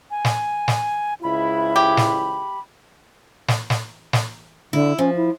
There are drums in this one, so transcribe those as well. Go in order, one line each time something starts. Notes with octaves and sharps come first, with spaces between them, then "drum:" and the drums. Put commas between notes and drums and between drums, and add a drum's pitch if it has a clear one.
G#5
drum: snare
drum: snare
C#2 G#2 E4 B5
G4
drum: snare
drum: snare
drum: snare
drum: snare
D3 E4
F3 C#4
E4